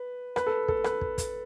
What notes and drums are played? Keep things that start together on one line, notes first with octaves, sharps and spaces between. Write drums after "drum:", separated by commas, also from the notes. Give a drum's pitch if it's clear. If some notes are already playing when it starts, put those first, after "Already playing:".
Already playing: B4
B4, drum: rim click
A4
A4, drum: kick
B4, drum: rim click
drum: kick
drum: kick, hi-hat